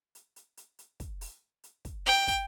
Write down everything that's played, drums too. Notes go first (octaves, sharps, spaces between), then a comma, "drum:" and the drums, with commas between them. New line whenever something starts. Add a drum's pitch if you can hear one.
drum: hi-hat
drum: hi-hat
drum: hi-hat
drum: hi-hat
drum: kick, hi-hat
drum: open hi-hat
drum: hi-hat
drum: kick, hi-hat
G5
drum: kick, open hi-hat